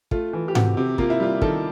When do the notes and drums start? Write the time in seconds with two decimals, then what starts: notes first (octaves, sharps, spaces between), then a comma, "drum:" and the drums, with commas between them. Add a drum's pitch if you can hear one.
0.11 A3 F4, drum: kick
0.33 E3
0.48 G4
0.55 C3 F#4, drum: tom G#2
0.77 C3
0.98 A#3 F4, drum: kick
1.10 E4
1.20 G3 F4
1.42 D#3 A4, drum: kick